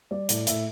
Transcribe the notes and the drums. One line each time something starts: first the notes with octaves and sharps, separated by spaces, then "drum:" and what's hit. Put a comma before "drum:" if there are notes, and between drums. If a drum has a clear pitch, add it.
G3 D5
A2 D5, drum: hi-hat
A2 E5, drum: hi-hat